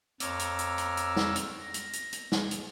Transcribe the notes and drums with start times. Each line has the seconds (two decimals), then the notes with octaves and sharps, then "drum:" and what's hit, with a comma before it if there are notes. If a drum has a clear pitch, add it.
0.20 F2 C#5 A#5 D6 E6 F6, drum: hi-hat
0.39 drum: hi-hat
0.59 drum: hi-hat
0.78 drum: hi-hat
0.97 drum: hi-hat
1.16 drum: snare
1.36 drum: hi-hat
1.60 A#6
1.74 drum: hi-hat
1.93 drum: hi-hat
2.13 drum: hi-hat
2.32 drum: snare
2.51 drum: hi-hat